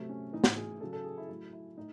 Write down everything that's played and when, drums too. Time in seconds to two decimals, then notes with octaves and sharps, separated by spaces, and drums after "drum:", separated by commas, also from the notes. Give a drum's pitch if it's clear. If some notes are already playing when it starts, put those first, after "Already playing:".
Already playing: C3 F#3 A3
0.09 C#4
0.33 A2 E3 D#4
0.44 drum: snare
0.57 G#4
0.80 C#3 F#3 A4
0.93 A4
1.04 G#4
1.18 E4
1.29 A2 F#3 E4
1.53 E4
1.78 A2 D#4